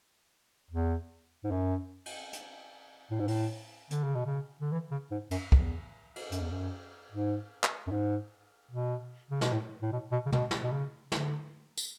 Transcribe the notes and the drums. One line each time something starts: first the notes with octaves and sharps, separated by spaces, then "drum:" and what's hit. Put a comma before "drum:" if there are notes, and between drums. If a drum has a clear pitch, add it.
E2
G#2
F#2
drum: cymbal
drum: hi-hat
A2
G#2
A2, drum: open hi-hat
D3, drum: hi-hat
C#3
B2
C#3
D3
E3
C#3
G#2
F#2, drum: cymbal
E2, drum: kick
drum: cymbal
F#2, drum: hi-hat
E2
F#2
G#2
drum: clap
F#2
G#2
B2
C#3
B2, drum: snare
A2
A2
B2
B2
C#3
B2, drum: tom
drum: snare
B2
C#3
D3, drum: snare
drum: tambourine